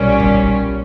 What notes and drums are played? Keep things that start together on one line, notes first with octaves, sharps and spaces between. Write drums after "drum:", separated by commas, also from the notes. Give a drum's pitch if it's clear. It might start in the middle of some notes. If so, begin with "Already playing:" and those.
Already playing: B1 A#2 G3 C#4
drum: kick